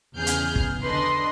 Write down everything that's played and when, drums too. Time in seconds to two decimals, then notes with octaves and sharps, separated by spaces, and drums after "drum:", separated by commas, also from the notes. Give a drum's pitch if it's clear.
0.17 E2 C#3 G#4 F6 G6
0.27 drum: hi-hat
0.56 drum: kick
0.82 D3 D4 B4 D#5 C6